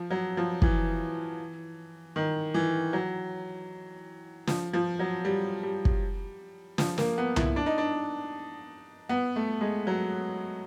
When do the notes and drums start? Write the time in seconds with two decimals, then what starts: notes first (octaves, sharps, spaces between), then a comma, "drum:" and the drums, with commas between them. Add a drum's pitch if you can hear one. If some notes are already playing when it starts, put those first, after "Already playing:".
Already playing: F3
0.11 F#3
0.37 F3
0.62 E3, drum: kick
2.16 D#3
2.54 E3
2.93 F#3
4.47 F3, drum: snare
4.73 F3
4.99 F#3
5.25 G3
5.63 G3
5.85 drum: kick
6.78 F3, drum: snare
6.98 A#3, drum: snare
7.18 B3
7.36 E4, drum: tom C2
7.56 D4
7.66 D#4
7.78 D4
9.09 B3
9.36 A3
9.61 G#3
9.87 F#3